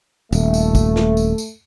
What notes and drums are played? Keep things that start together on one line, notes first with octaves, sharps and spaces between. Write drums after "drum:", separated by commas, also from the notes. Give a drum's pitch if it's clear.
D#1 A3, drum: tambourine
drum: tambourine
drum: kick, tambourine
drum: snare
drum: tambourine
drum: tambourine